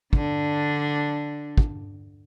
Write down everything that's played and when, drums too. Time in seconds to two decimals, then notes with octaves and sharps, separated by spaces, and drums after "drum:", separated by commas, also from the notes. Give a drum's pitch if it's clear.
0.13 D3 D4, drum: kick
1.58 drum: kick